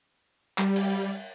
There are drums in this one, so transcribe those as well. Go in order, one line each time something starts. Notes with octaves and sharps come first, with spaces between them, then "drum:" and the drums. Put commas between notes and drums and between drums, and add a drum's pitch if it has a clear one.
G3, drum: clap
drum: cymbal